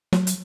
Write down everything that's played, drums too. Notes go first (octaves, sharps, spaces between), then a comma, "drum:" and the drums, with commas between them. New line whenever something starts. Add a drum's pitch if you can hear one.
F#3, drum: snare
drum: hi-hat